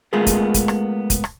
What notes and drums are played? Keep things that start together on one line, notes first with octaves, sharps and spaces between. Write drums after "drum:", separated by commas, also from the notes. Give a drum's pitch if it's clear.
G#3 A3 B3 F4 G#4 A#4
drum: kick, hi-hat
drum: kick, hi-hat
drum: rim click
drum: kick, hi-hat
drum: rim click